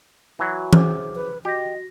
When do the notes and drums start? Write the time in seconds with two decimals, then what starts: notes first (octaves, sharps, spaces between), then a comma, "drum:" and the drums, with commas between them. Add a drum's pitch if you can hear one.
0.39 E3 F#3 F#4
0.73 G#4 C5 D6, drum: tom E3
1.16 B4
1.45 F#4 G4 D#5 A#6